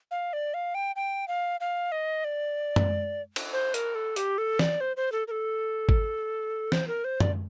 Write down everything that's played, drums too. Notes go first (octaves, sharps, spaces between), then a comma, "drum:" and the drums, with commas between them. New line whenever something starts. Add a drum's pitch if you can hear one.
F5
D5
F5
G5
G5
F5
F5
D#5
D5
drum: tom F#2
drum: cymbal
C5
A#4, drum: hi-hat
A4
G4, drum: hi-hat
A4
D5, drum: snare E3
C5
C5
A4
A#4
A4
drum: kick G#1
C5, drum: snare E3
A#4
C5
D5, drum: tom F#2